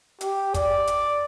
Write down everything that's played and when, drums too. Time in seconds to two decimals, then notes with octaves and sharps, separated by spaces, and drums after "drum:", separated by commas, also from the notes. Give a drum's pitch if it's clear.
0.21 G4, drum: hi-hat
0.54 D5, drum: kick, hi-hat
0.87 drum: hi-hat